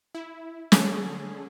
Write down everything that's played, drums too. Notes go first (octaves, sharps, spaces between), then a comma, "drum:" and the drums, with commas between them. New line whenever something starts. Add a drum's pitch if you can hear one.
E4
D3 C#4 G#4 A4, drum: snare